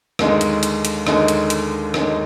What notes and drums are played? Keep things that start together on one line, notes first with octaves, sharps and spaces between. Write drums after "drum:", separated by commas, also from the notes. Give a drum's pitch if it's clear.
D#2 D3 G#3 D#4, drum: rim click
drum: hi-hat
drum: hi-hat
drum: hi-hat
D#2 D3 G#3 D#4, drum: rim click
drum: hi-hat
drum: hi-hat
D#2 D3 G#3 D#4, drum: rim click